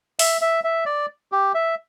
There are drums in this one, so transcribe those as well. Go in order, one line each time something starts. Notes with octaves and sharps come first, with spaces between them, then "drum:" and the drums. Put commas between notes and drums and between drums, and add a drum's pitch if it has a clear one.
E5, drum: open hi-hat
E5
E5
D5
G4
E5